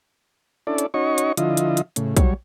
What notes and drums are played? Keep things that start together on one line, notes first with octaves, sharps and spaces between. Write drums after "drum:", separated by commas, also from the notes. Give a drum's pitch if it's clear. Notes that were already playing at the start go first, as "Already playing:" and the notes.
C#4 D4 E4 A4 D5
drum: hi-hat
C#4 D#4 F#4 C#5 D#5 C#6
drum: hi-hat
D3 F3 E4 F4 D#5, drum: hi-hat
drum: hi-hat
drum: hi-hat
A2 C#3, drum: hi-hat
F#3 G3 C#5, drum: kick, hi-hat